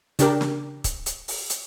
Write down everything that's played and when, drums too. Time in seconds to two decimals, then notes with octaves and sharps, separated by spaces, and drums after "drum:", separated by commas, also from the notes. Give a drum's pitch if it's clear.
0.19 C#3 D4 G4 A#4, drum: hi-hat
0.41 drum: snare
0.84 drum: kick, hi-hat
1.06 drum: hi-hat
1.28 drum: open hi-hat
1.50 drum: hi-hat